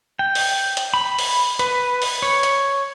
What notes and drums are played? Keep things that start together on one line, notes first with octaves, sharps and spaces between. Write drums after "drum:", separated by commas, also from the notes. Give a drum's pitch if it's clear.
G5
drum: open hi-hat
drum: hi-hat
B5
drum: open hi-hat
B4, drum: hi-hat
drum: open hi-hat
C#5
drum: hi-hat